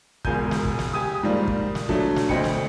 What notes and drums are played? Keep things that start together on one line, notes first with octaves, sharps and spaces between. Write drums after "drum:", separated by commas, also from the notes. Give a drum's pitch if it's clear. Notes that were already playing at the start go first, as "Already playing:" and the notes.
E1 C#2 A#4 G#5 G6, drum: kick
drum: snare
drum: kick
drum: snare
G4 G#5 D#6
G#2 D#3 F3 G3 A#3
drum: kick
drum: snare
F3 F#3 A3 D4, drum: kick
drum: snare
D2 C4 D#5 G5 B5 C#7, drum: kick
drum: snare